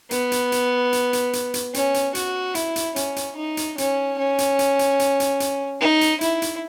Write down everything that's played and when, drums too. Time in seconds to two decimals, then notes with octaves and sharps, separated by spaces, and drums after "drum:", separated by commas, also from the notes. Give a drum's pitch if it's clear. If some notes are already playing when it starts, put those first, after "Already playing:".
0.11 B3, drum: hi-hat
0.32 drum: hi-hat
0.52 drum: hi-hat
0.93 drum: hi-hat
1.13 drum: hi-hat
1.33 drum: hi-hat
1.54 drum: hi-hat
1.74 C#4, drum: hi-hat
1.94 drum: hi-hat
2.15 F#4, drum: hi-hat
2.55 E4, drum: hi-hat
2.76 drum: hi-hat
2.96 C#4, drum: hi-hat
3.16 drum: hi-hat
3.37 D#4
3.57 drum: hi-hat
3.78 C#4, drum: hi-hat
4.19 C#4
4.38 drum: hi-hat
4.59 drum: hi-hat
4.79 drum: hi-hat
4.99 drum: hi-hat
5.20 drum: hi-hat
5.40 drum: hi-hat
5.81 D#4
6.01 drum: hi-hat
6.21 E4, drum: hi-hat
6.42 drum: hi-hat